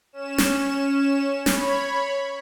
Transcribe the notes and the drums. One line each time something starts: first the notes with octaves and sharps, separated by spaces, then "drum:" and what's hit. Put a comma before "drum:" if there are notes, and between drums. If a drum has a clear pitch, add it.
C#4 E7
drum: snare
C#5 B5, drum: snare